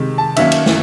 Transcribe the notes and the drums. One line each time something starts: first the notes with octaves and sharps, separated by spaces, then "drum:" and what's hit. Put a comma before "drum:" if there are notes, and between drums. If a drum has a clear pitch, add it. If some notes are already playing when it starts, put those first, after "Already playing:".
Already playing: C3 D#3 G#3
A5
D#3 F#3 A#3 C#4 E5, drum: cymbal
drum: cymbal
drum: snare